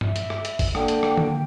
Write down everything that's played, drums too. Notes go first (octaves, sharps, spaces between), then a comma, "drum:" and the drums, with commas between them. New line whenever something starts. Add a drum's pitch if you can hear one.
E5, drum: tom G2
drum: hi-hat
drum: rim click
drum: hi-hat
drum: kick, open hi-hat
D3 A#3 G5, drum: rim click
drum: hi-hat
drum: rim click
drum: tom D3